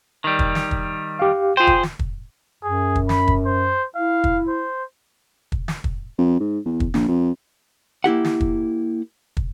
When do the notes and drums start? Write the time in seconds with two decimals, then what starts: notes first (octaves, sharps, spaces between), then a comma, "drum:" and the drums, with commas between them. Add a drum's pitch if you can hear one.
0.24 D#3 G3
0.39 drum: kick
0.55 drum: snare
0.71 drum: kick
1.19 G4 F5
1.57 F4 G#4 C5 G5
1.67 drum: kick
1.83 drum: snare
1.99 drum: kick
2.63 F#2 G#4
2.96 drum: kick
3.09 B5, drum: snare
3.28 drum: kick
3.46 C5
3.96 E4 F5
4.24 drum: kick
4.48 C5
5.52 drum: kick
5.68 drum: snare
5.84 drum: kick
6.19 F2
6.40 G#2
6.65 E2
6.80 drum: kick
6.94 A#1, drum: snare
7.08 F2
8.04 A#3 E4 G4 F#5
8.24 drum: snare
8.41 drum: kick
9.37 drum: kick